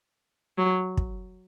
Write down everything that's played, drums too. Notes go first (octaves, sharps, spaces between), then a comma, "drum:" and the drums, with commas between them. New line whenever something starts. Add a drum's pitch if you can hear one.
F#3
drum: kick